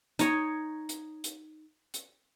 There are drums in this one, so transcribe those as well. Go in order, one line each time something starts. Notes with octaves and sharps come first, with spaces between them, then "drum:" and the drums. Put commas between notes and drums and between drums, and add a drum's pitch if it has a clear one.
D#4 C#5, drum: hi-hat
drum: hi-hat
drum: hi-hat
drum: hi-hat